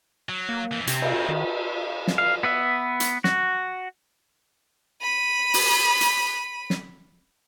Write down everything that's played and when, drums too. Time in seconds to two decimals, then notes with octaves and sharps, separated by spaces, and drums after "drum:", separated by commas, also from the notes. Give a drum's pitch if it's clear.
0.29 F#3
0.49 A#3
0.72 F2 E3
0.87 C3 C4 C#4, drum: hi-hat
1.02 drum: cymbal
1.29 D#3
2.07 drum: snare
2.18 F5
2.43 B3 B4 E5
3.00 drum: hi-hat
3.24 F#4, drum: snare
5.01 B5 D#7
5.54 drum: open hi-hat
6.01 drum: hi-hat
6.70 drum: snare